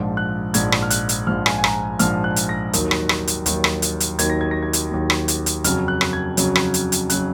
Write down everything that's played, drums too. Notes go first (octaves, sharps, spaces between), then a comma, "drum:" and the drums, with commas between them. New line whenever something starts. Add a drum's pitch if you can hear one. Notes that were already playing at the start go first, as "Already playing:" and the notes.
Already playing: A#1 G#2 F3
F#6
A#1 G#2 F3 G#6, drum: hi-hat
drum: rim click
F6
F#6, drum: hi-hat
drum: hi-hat
A#1 G#2 F3 F6
G#5, drum: rim click
G#5
A#5, drum: rim click
A#1 G#2 F3 F6, drum: hi-hat
F#6
drum: hi-hat
A#6
D#2 D#3 F#3, drum: hi-hat
drum: rim click
drum: rim click
drum: hi-hat
D#2 D#3 F#3, drum: hi-hat
drum: rim click
drum: hi-hat
drum: hi-hat
D#2 D#3 F#3 G#6, drum: hi-hat
A#6
G#6
A#6
G#6
drum: hi-hat
D#2 D#3 F#3
drum: rim click
drum: hi-hat
drum: hi-hat
F2 C#3 F#3 F6, drum: hi-hat
F#6
drum: rim click
G#6
F2 C#3 F#3, drum: hi-hat
drum: rim click
drum: hi-hat
drum: hi-hat
C#3 F#3 F#6, drum: hi-hat